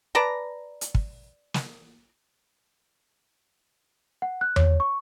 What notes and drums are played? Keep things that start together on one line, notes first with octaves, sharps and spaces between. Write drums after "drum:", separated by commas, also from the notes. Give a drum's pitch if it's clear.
B4 D5 A5 A#5
drum: hi-hat
drum: kick
drum: snare
F#5
F#6
C#5, drum: tom E2
C#6